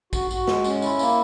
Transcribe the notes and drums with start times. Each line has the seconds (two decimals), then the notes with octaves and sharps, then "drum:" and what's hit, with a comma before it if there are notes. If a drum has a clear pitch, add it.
0.13 F#4, drum: kick, tambourine
0.31 F#4, drum: tambourine
0.48 G#3, drum: snare
0.64 C#4, drum: tambourine
0.82 E4, drum: tambourine
0.99 A#3, drum: tambourine